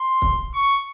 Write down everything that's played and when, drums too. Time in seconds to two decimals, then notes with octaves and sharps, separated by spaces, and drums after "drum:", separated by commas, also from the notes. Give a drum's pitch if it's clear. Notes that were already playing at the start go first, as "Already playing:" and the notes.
Already playing: C6
0.22 drum: kick
0.53 C#6